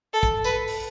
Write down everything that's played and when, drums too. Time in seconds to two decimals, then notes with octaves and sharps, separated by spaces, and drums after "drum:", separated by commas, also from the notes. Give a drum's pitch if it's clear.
0.13 A4
0.23 drum: kick
0.44 B4, drum: tambourine
0.68 drum: open hi-hat